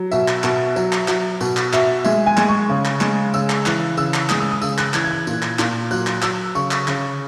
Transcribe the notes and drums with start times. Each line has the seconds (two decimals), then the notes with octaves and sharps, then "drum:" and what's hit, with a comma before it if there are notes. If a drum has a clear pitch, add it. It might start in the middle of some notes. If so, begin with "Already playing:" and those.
Already playing: F#3
0.12 B2 E5, drum: tambourine
0.28 drum: clap
0.44 B2, drum: clap
0.76 F#3, drum: tambourine
0.92 drum: clap
1.08 F#3, drum: clap
1.41 B2, drum: tambourine
1.57 drum: clap
1.73 B2 E5, drum: clap
2.04 G#3 E5, drum: tambourine
2.26 G#5
2.37 G#3, drum: clap
2.48 C#6
2.69 C#3
2.85 drum: clap
3.01 G#3, drum: clap
3.34 C#3 E6, drum: tambourine
3.50 drum: clap
3.66 E3 F#6, drum: clap
3.97 C#3 E6, drum: tambourine
4.14 drum: clap
4.29 G#3 D#6, drum: clap
4.40 E6
4.51 D#6
4.62 C#3 E6, drum: tambourine
4.78 F#6, drum: clap
4.94 E3 G#6, drum: clap
5.04 G#6
5.11 F#6
5.27 A#2, drum: tambourine
5.42 drum: clap
5.59 A#2, drum: clap
5.91 F#3 F#6, drum: tambourine
6.07 drum: clap
6.22 F#3 E6, drum: clap
6.55 C#3 C#6, drum: tambourine
6.71 drum: clap
6.88 C#3, drum: clap